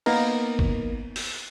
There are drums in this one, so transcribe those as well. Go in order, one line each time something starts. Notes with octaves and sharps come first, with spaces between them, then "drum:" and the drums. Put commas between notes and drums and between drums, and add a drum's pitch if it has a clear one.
A#3 B3 D#4 A#4, drum: cymbal
drum: kick G1
drum: open hi-hat